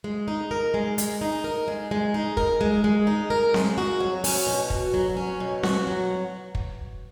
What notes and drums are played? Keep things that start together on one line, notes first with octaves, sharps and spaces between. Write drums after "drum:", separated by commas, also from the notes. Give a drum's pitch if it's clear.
G#3
D#4
A#4
G#3
G#3, drum: hi-hat
D#4
A#4
G#3
G#3
D#4
A#4, drum: kick
G#3
G#3
D#4
A#4
G#3, drum: snare C4
F#4
F#3
C#4, drum: open hi-hat
B2
F#4, drum: kick
F#3
C#4
B2
F#4, drum: snare C4
F#3
drum: kick